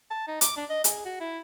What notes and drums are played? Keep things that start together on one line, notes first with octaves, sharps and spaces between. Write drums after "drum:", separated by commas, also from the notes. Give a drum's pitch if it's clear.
A5
D#4
D6, drum: hi-hat
D4
D#5
G#4, drum: hi-hat
F#4
E4